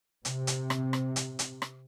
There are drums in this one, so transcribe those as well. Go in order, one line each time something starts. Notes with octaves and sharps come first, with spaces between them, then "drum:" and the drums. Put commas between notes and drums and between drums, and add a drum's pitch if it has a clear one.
C3, drum: hi-hat
drum: hi-hat
drum: rim click
drum: rim click
drum: hi-hat
drum: hi-hat
drum: rim click